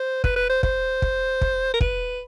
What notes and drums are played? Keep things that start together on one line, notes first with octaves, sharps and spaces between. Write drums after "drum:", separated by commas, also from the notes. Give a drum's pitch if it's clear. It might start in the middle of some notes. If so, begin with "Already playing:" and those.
Already playing: C5
B4, drum: kick
B4
C5
C5, drum: kick
drum: kick
drum: kick
A#4
B4, drum: kick